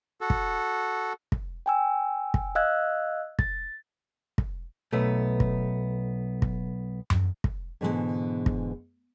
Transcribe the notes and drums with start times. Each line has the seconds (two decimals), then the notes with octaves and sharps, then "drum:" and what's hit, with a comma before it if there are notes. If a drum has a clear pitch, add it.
0.21 F#4 A4
0.30 drum: kick
1.32 drum: kick
1.66 G5 G#5 E6
2.34 drum: kick
2.55 D#5 F5 E6 F#6 G#6
3.39 A6, drum: kick
4.38 drum: kick
4.92 B1 A3 B3
5.40 drum: kick
6.42 drum: kick
7.10 drum: tom F#2
7.44 drum: kick
7.81 G#2 B2 D3 E3 G3 G#3
8.46 drum: kick